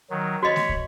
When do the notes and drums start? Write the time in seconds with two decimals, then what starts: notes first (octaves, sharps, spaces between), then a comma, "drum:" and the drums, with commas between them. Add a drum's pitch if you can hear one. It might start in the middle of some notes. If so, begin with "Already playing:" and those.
0.10 D#3 F#3
0.43 F#4 C#5 D#5 B5
0.56 drum: snare A3
0.69 drum: kick